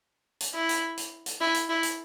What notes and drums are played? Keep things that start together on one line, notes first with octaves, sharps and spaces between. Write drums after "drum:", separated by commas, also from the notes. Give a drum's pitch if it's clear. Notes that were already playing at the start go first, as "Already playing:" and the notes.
drum: hi-hat
E4
drum: hi-hat
drum: hi-hat
drum: hi-hat
E4
drum: hi-hat
E4
drum: hi-hat